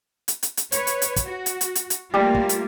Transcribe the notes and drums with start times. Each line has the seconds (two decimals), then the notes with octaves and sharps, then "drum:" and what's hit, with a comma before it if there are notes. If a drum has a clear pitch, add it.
0.28 drum: hi-hat
0.43 drum: hi-hat
0.57 drum: hi-hat
0.72 B4 C#5, drum: hi-hat
0.87 drum: hi-hat
1.02 drum: hi-hat
1.16 drum: kick, hi-hat
1.26 F#4
1.46 drum: hi-hat
1.61 drum: hi-hat
1.75 drum: hi-hat
1.90 drum: hi-hat
2.14 G3 A3 A#3 F4
2.35 drum: kick
2.49 drum: hi-hat